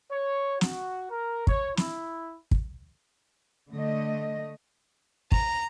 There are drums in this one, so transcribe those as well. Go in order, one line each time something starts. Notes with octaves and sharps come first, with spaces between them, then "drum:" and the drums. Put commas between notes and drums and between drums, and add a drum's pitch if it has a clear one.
C#5
F#4, drum: snare
A#4
C#5, drum: kick
E4, drum: snare
drum: kick
D3 A3 D#5
A#5, drum: kick